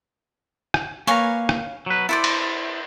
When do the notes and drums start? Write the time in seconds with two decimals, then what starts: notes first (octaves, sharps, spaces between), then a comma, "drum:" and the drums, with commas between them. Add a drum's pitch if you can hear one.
0.74 drum: rim click
1.07 A#3 B4 C#5 F5 G#5 A#5
1.49 drum: rim click
1.86 F#3 B4
2.09 E4 A4 C5 D5 D6
2.24 drum: cymbal